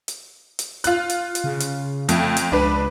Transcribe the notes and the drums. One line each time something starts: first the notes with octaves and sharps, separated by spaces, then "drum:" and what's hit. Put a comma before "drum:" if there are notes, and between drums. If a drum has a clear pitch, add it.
drum: hi-hat
drum: hi-hat
F4 F#6, drum: hi-hat
drum: hi-hat
drum: hi-hat
C#3
drum: hi-hat
F2 A3, drum: hi-hat
drum: hi-hat
C#2 D4 B4